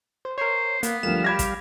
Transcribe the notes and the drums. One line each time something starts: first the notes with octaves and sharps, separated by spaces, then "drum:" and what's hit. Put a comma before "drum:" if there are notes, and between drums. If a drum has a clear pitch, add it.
C5
A#4 C5 C#5
A#3 B3, drum: hi-hat
D2 F3 G3 A#4 F5 E7
G4 B5 G#6 A#6
drum: kick, hi-hat